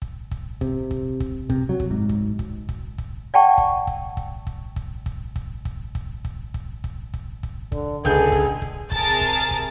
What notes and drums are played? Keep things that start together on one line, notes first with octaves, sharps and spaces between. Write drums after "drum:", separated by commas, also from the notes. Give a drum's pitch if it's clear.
drum: kick
drum: kick
C3, drum: kick
drum: kick
drum: kick
C3, drum: kick
F#3
drum: kick
G#2
drum: kick
drum: kick
drum: kick
drum: kick
D5 F#5 G5 A5 C#6
drum: kick
drum: kick
drum: kick
drum: kick
drum: kick
drum: kick
drum: kick
drum: kick
drum: kick
drum: kick
drum: kick
drum: kick
drum: kick
drum: kick
D3, drum: kick
C#2 D3 G#4 A4 G6, drum: kick
drum: kick
drum: kick
C3 G#4 A#4 A5 A6, drum: kick
drum: kick
drum: kick